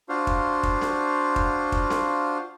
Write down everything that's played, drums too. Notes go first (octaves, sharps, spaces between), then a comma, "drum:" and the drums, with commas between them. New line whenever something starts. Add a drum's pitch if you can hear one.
D4 F4 F#4 C5 F5
drum: kick
drum: kick
drum: snare C4
drum: kick
drum: kick
drum: snare C4